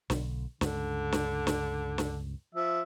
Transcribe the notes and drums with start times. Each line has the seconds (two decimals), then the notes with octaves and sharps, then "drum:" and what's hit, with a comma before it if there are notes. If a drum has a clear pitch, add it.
0.10 B1 D3, drum: snare
0.61 C#2 G2 D3, drum: snare
1.12 drum: snare
1.47 drum: snare
1.98 drum: snare
2.55 F3 E5